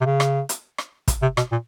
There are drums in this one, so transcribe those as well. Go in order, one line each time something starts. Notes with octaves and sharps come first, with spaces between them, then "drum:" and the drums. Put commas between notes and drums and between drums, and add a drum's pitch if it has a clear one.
C3
C#3
drum: rim click
drum: hi-hat
drum: rim click
drum: kick, hi-hat
C3
B2, drum: rim click
A#2